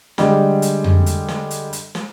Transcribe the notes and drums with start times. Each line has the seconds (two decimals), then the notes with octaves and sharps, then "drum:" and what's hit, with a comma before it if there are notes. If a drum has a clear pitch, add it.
0.18 D3 G3 G#3, drum: snare
0.62 drum: hi-hat
0.84 drum: tom F2
1.06 drum: hi-hat
1.28 drum: snare
1.51 drum: hi-hat
1.73 drum: hi-hat
1.95 drum: snare